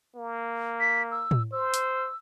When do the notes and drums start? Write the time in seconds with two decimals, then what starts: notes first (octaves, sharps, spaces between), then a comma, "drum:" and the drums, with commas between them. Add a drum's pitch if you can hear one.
0.16 A#3
0.80 B6
1.11 E6
1.31 drum: tom A2
1.52 C5 E6
1.74 drum: hi-hat